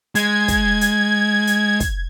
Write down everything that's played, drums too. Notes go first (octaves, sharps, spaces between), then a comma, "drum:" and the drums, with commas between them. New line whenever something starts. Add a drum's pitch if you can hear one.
G#3 G#6, drum: hi-hat
drum: kick, hi-hat
drum: hi-hat
drum: hi-hat
drum: kick, hi-hat